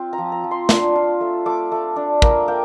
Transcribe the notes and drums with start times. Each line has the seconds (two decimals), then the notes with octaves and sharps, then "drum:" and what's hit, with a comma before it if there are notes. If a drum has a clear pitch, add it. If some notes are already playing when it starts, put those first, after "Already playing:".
Already playing: C4 F4 G5
0.13 A#5
0.18 F3
0.32 A#5
0.44 F3
0.51 C6
0.69 D4 C6, drum: snare
0.96 F4
1.21 A3
1.46 A3 D6
1.72 A3
1.96 D4
2.22 A#3 A#5, drum: kick
2.48 A#3 G5